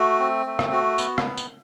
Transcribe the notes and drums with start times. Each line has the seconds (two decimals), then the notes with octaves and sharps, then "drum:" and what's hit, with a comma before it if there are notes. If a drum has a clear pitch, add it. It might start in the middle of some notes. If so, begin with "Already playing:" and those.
Already playing: A3 F#4
0.20 C4
0.46 A3
0.59 drum: rim click
0.72 F#4
0.98 B3, drum: tambourine
1.18 drum: rim click
1.37 drum: tambourine